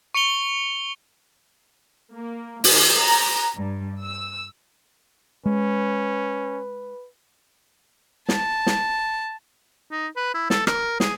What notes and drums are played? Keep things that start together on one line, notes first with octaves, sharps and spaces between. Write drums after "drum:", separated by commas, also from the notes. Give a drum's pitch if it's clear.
C#6 C#7 F7 G7
A#3
D#3, drum: open hi-hat
A#5
G2
E6
G#3 C#4 B4
A5, drum: snare
drum: snare
D#4
B4
E4
A4, drum: snare
A#4, drum: rim click
G#4, drum: snare